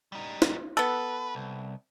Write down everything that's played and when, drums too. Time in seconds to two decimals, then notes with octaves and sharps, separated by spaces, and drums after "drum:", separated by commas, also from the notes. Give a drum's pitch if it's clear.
0.12 G3 D#4
0.42 drum: snare
0.77 B3 A4 B4
1.35 C2